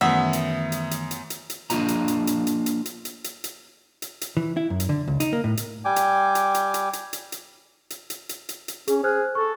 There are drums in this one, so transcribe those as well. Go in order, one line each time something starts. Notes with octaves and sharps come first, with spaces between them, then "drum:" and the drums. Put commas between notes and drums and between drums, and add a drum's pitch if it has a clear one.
F#2 D#3 E3 A3 B3 E5 F#5 D#6
drum: hi-hat
drum: hi-hat
drum: hi-hat
drum: hi-hat
drum: hi-hat
drum: hi-hat
A#3 D4 E4 F4 D#5 A#5, drum: hi-hat
drum: hi-hat
drum: hi-hat
drum: hi-hat
drum: hi-hat
drum: hi-hat
drum: hi-hat
drum: hi-hat
drum: hi-hat
drum: hi-hat
drum: hi-hat
drum: hi-hat
E3
E4
F#2
drum: hi-hat
D3
C#2
D#4, drum: hi-hat
A#3
A2
drum: hi-hat
G3 G5 G#5 D6
drum: hi-hat
drum: hi-hat
drum: hi-hat
drum: hi-hat
drum: hi-hat
drum: hi-hat
drum: hi-hat
drum: hi-hat
drum: hi-hat
drum: hi-hat
drum: hi-hat
drum: hi-hat
C#4 G#4, drum: hi-hat
G#4 C5 F6 F#6
A4 C#6